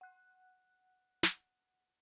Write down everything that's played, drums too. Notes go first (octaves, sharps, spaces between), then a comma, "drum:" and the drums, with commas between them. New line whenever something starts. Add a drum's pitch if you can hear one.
F#5 F#6
drum: snare